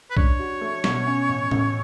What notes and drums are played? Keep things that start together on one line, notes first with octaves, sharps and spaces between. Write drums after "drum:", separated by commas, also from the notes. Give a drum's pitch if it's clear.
B4
D4 C#5, drum: kick
F#4
A3
B2, drum: snare
C#4
A1
A1, drum: tom A2